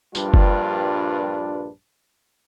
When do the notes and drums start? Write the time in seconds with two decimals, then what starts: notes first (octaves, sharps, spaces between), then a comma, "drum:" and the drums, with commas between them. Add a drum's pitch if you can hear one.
0.15 A#1 G2 G3 D4 F4 B4, drum: tambourine
0.34 drum: kick